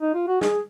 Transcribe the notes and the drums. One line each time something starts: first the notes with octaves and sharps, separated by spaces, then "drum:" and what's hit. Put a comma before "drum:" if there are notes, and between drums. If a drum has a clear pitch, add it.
D#4
F4
F#4
G#4, drum: snare